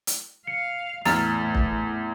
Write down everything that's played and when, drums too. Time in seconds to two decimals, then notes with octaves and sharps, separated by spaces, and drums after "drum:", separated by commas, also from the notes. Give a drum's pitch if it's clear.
0.07 drum: hi-hat
0.47 F5 C#7
1.05 E2 A2 A#5 E6 F6 A6, drum: snare
1.55 drum: kick